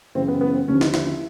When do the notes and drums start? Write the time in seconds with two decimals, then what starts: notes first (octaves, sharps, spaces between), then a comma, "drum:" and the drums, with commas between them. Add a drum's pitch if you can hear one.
0.15 F#2 C#3 E3 C4
0.28 B3
0.41 B3
0.54 C4
0.68 D#2 D3 F3 C#4
0.81 D#4, drum: snare
0.94 E4, drum: snare
1.07 E4